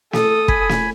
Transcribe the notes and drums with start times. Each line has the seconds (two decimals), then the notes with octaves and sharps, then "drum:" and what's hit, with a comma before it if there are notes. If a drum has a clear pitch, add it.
0.13 A4 D#6, drum: snare
0.48 G#5 B5, drum: kick
0.69 drum: snare